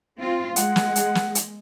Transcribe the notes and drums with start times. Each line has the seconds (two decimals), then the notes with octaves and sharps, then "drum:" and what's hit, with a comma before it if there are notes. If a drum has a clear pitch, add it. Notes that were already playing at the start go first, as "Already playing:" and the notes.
0.20 C4 F4
0.56 G#3 F#5, drum: hi-hat
0.76 drum: snare
0.96 drum: hi-hat
1.15 drum: snare
1.35 drum: hi-hat